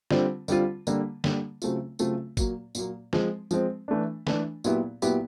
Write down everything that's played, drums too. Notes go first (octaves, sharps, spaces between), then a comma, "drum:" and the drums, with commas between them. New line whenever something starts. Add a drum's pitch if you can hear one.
D3 G3 C4 F4, drum: snare
D3 G3 C4 F4, drum: tambourine
D3 G3 A#3, drum: tambourine
D3 G3 A#3, drum: snare
C#3 F#3 A3 C4 F4, drum: tambourine
C#3 F#3 A3 C4 F4, drum: tambourine
A#2 F#3 A#3, drum: kick, tambourine
A#2 F#3 A#3, drum: tambourine
F3 G#3 C4, drum: snare
F3 G#3 C4, drum: tambourine
E3 A3 D4
E3 A3 D4, drum: snare
A#2 F#3 B3 E4 G4, drum: tambourine
A#2 F#3 B3 E4 G4, drum: tambourine